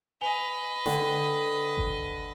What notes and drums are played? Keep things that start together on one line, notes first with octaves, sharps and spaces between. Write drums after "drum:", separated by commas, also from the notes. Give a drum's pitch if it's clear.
B4 D#5 G#5 F7 G7
D3 G5, drum: snare
drum: kick G1